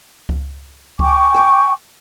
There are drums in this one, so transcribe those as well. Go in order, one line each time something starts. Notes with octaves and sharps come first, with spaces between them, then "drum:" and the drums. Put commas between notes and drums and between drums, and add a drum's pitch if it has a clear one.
drum: kick C#2
G5 G#5 C#6 D6, drum: kick C#2
drum: rim click